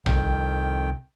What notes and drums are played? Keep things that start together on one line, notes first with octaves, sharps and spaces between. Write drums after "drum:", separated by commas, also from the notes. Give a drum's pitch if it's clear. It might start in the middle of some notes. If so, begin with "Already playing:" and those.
C2 F2 D#3 G5, drum: tom A#1